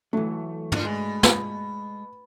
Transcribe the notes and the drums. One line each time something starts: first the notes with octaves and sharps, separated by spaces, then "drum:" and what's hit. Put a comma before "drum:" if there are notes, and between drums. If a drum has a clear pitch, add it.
E3 F#3 A3
A2 D4, drum: tom
B2 G#3
drum: snare